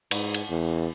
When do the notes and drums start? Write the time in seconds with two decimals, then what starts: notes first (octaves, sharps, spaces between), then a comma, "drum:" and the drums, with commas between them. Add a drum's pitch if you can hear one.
0.11 G#2, drum: cymbal
0.34 drum: cymbal
0.50 E2